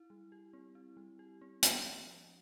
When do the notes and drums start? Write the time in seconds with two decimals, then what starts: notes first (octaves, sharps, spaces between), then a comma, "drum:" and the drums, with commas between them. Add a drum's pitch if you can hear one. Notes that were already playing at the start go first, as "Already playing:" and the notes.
Already playing: E4
0.10 G3
0.32 G4
0.53 C4
0.75 E4
0.97 G3
1.19 G4
1.41 C4
1.63 D4, drum: hi-hat
1.86 F3
2.07 F3